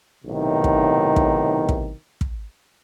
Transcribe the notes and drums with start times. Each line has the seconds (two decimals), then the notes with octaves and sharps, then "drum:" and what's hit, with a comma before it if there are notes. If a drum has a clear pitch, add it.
0.25 B1 A2 C3 D#3
0.64 drum: kick
1.16 drum: kick
1.69 drum: kick
2.21 drum: kick